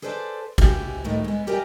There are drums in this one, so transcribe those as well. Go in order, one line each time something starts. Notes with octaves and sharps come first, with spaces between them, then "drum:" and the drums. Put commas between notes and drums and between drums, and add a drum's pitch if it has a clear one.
G#4 A4 B4 C5 D5 A5
C#3 G4 G#4 E5, drum: kick G#1, cymbal
A2 D#3 A3
G#3 B3
G4 A#4 D5 E5 G5 G#5